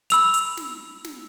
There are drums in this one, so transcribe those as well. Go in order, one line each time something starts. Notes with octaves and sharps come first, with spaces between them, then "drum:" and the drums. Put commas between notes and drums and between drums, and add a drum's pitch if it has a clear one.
B5 E6 F7, drum: hi-hat
drum: hi-hat
drum: snare
drum: snare